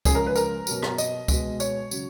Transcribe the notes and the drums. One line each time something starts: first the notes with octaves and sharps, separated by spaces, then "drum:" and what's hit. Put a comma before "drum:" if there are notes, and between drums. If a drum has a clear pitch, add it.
C#3 F3 G#3 G#4, drum: kick C#2, tambourine
A#4
B4
A#4, drum: tambourine
B2 F#3, drum: tambourine
drum: rim click
D#5, drum: tambourine
B2 G#3, drum: kick C#2, tambourine
C#5, drum: tambourine
C#3 F#3, drum: tambourine